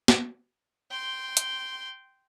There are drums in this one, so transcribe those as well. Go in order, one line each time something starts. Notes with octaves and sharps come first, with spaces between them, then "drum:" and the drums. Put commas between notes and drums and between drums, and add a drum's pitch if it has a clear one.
drum: snare
G5 C6
drum: hi-hat